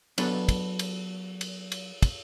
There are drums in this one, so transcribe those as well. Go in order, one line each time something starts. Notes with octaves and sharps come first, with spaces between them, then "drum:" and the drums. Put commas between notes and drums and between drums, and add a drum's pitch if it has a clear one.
F#3 B3 D4 A4 B4, drum: cymbal
drum: kick, cymbal
drum: cymbal
drum: cymbal
drum: cymbal
drum: kick, cymbal